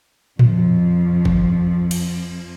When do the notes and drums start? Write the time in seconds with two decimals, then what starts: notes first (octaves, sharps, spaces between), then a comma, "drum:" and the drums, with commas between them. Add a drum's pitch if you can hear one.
0.39 F2 F3, drum: tom A2
1.25 drum: kick
1.91 drum: cymbal